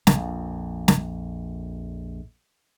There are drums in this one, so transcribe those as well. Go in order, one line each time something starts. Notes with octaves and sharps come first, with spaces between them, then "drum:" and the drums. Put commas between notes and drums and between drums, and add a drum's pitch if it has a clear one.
A#1 F2, drum: snare
drum: snare